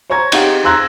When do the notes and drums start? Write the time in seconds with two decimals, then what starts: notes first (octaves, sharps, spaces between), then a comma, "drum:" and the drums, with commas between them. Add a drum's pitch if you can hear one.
0.10 C5 C#5 A#5 C#6 G#6
0.32 C4 D#4 G4 F5 F#5, drum: cymbal
0.64 A#5 C6 E6 F#6 G#6 A#6